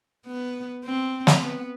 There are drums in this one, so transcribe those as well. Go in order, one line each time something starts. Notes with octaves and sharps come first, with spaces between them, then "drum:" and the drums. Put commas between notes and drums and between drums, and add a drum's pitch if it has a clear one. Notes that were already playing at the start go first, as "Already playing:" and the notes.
B3
C4
drum: snare
B3